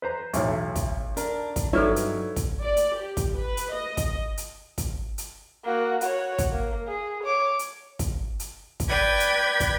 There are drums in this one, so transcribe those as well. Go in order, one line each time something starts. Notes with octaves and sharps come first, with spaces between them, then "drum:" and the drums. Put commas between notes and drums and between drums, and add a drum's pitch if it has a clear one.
B4 C5 A#5
B1 E2 A2, drum: hi-hat
drum: kick, hi-hat
D4 A#4, drum: hi-hat
drum: kick, hi-hat
G2 F#3 D#4 E4 A4 B4 C#5 D5
drum: hi-hat
drum: kick, hi-hat
D5
drum: hi-hat
G4
drum: kick, hi-hat
B4
drum: hi-hat
D#5
drum: kick, hi-hat
drum: hi-hat
drum: kick, hi-hat
drum: hi-hat
A#3 F#4
F#4 C#5, drum: hi-hat
drum: kick, hi-hat
A#3
G#4
C#5 D6
drum: hi-hat
drum: kick, hi-hat
drum: hi-hat
drum: kick, hi-hat
B4 D5 G5 G#6
drum: hi-hat
drum: kick, hi-hat